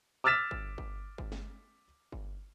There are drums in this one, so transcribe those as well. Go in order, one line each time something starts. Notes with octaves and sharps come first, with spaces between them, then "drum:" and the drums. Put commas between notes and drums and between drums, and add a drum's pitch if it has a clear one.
D6 E6 F6 A6 B6 E7
drum: kick G1
drum: kick G1
drum: kick G1
drum: snare
drum: kick G1